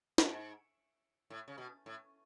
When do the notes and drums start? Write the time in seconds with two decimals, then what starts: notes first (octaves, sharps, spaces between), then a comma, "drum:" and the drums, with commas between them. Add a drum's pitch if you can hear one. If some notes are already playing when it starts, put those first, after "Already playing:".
0.18 G#2, drum: snare
1.30 A2
1.48 C#3
1.58 B2
1.86 A2